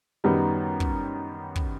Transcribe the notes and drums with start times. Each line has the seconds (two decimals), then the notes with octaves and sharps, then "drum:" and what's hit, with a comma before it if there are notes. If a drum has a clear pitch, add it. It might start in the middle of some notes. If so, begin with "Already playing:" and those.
0.24 F#2 D#3 G3 B3 D#4
0.80 drum: kick
1.56 drum: kick